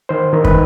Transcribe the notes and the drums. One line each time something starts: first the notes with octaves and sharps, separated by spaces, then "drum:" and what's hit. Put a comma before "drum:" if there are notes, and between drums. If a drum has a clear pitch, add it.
D#3 C5
D#3
B4, drum: kick